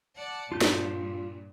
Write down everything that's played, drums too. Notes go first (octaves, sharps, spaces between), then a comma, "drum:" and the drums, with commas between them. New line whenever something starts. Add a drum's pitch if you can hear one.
D5 F#5 A5
G2 A#2 F4 G6
drum: snare